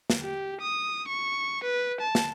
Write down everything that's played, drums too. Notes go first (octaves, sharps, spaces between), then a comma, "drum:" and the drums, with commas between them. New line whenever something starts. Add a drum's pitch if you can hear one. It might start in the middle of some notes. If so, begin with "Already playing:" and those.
drum: snare
G4
D#6
C#6
B4
A5
drum: snare